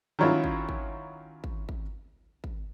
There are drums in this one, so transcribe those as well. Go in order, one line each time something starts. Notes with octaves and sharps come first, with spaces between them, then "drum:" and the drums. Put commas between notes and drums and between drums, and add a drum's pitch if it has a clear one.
D#3 F#3 C#4 E4 F4
drum: kick G#1
drum: kick G#1
drum: kick G#1
drum: kick G#1
drum: kick G#1